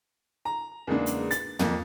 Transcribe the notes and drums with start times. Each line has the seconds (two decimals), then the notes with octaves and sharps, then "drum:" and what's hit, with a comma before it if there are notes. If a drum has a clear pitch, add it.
0.45 A#5
0.87 E2 C#3 G#3 A#3 D4
1.06 drum: hi-hat
1.31 A6, drum: hi-hat
1.59 F2 A#3, drum: tom